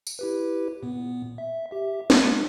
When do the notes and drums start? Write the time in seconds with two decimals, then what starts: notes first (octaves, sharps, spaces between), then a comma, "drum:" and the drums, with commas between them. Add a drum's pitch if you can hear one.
0.07 drum: tambourine
0.19 E4 G4 B4
0.83 A#2 B3
1.38 E5
1.71 G4 E5
2.10 G#3, drum: snare